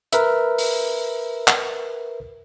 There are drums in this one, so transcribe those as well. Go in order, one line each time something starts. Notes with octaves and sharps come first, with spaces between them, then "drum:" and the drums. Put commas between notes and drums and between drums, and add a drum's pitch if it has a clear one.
A#4 B4 E5, drum: hi-hat
drum: open hi-hat
drum: clap